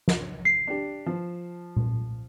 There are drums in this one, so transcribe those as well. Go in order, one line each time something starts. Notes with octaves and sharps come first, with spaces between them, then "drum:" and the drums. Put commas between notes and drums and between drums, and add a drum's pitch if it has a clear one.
drum: snare
C7
D4 G4
F3
drum: tom A#2